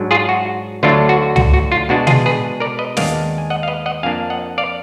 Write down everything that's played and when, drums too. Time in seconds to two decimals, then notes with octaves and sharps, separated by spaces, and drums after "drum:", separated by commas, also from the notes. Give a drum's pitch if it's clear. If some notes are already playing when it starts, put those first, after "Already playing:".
Already playing: G#2 F#3 D4
0.11 F4 G#4
0.29 F#4
0.83 D2 D3 F#3 D4 F4
1.09 F#4
1.36 F#4, drum: tom C#2
1.54 F#4
1.72 F4
1.89 B2 G#3 D4 F#4
2.07 F4 G#4, drum: tom B2
2.26 G#4 B4
2.60 A#4 D5
2.79 B4 D#5
2.97 D#2 D#3 G#3 B3 D4 D5 F5, drum: snare
3.38 G#5
3.50 D#5 F#5
3.63 F5
3.68 B4 D#5
3.86 D#5 F#5
4.03 F2 F3 A#3 D4 F5 G#5
4.30 D#5 F#5
4.58 D5 F5